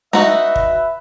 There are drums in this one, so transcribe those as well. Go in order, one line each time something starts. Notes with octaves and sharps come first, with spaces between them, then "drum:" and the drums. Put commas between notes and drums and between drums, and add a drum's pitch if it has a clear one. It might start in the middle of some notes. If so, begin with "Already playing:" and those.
D#4 F#4 B4 E5, drum: snare
drum: kick